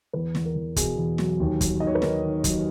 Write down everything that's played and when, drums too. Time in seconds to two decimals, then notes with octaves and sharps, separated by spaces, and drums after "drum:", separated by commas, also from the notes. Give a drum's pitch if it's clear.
0.13 E2 B4
0.35 E2, drum: snare
0.45 A#4
0.56 E2
0.76 B2 G#4, drum: kick, hi-hat
0.97 E2
1.18 F#3, drum: snare
1.40 D#2
1.61 F#3, drum: kick, hi-hat
1.80 D#3 D#5
1.87 C#5
1.95 B4
2.02 D#3 A#4, drum: snare
2.23 D#3
2.44 F#3, drum: kick, hi-hat